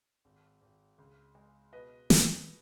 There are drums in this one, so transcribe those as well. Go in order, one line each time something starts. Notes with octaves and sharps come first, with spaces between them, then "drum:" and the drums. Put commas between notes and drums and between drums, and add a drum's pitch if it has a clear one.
G#1
G#1
C#2
G#3
B2 B4 D#5
B2, drum: snare